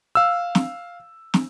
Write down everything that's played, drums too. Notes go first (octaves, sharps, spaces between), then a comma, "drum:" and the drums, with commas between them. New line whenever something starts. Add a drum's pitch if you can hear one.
F5 E6
drum: snare
drum: snare